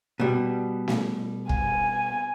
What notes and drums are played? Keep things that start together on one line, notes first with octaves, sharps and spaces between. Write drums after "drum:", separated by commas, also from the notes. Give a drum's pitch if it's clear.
B2 G3
drum: snare
G#5, drum: kick